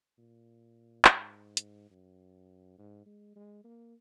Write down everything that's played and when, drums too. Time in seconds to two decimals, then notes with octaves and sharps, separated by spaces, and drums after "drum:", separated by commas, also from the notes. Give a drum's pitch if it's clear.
0.18 A#2
1.05 G#2, drum: clap
1.57 drum: hi-hat
1.91 F#2
2.78 G#2
3.06 G#3
3.36 G#3
3.65 A#3